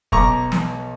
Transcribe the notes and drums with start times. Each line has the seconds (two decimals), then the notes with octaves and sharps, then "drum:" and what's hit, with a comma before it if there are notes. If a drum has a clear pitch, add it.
0.12 B1 A#5 C#6 D6, drum: kick
0.52 drum: snare